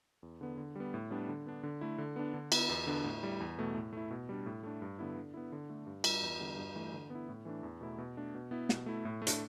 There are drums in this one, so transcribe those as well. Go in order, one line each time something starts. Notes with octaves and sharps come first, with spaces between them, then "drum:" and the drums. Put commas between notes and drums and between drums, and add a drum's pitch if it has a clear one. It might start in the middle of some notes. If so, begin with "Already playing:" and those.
E2
D3 B3
D3
G3 B3
A2
G3 B3 D4
D3
B3 D4
D3
A3 E4
D3
B3 D4
D3
B3 E4, drum: cymbal
E2
D3 B3 D4
A2
G3 E4
E2
B2 A3
A2
A3 E4
B2
G3 D4
A2
A3 D4
G2
D3 B3 E4
D3
B3 E4
D3
A3 D4
G2
G3 D4, drum: cymbal
E2
D3 G3 B3
G2
E3 A3
D3
B3 E4
A2
E3 A3 D4
E2
B2 A3 E4
B2
A3 D4
B2
B3 E4
B2, drum: snare
A3 E4
A2
A3
D4, drum: hi-hat